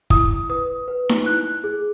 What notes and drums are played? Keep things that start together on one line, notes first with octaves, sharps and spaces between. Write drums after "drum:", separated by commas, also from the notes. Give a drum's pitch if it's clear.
E4 D#6, drum: kick
B4 D#6
B4
drum: snare D#4
E4 F#6
G#4